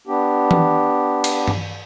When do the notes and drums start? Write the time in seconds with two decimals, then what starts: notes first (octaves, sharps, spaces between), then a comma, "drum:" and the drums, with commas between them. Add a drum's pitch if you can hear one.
0.07 B3 D4 G4
0.51 drum: tom E3
1.24 drum: cymbal
1.48 drum: tom